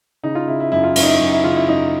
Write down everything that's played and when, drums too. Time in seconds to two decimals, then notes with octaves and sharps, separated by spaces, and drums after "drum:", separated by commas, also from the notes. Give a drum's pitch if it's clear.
0.23 C#3 D#4
0.35 F4
0.47 C#3 E4
0.60 E4
0.72 F#2 E4
0.83 F4
0.96 F#2 E4, drum: cymbal
1.03 D#4
1.08 E4
1.20 F#2
1.32 E4
1.44 C#3 F4
1.56 E4
1.68 F#2 D#4